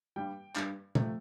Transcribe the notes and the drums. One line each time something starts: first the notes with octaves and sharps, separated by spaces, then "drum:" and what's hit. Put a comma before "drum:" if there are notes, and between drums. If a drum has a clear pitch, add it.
G2 G3 G5
G2 G3, drum: clap
C3 F3 A3, drum: tom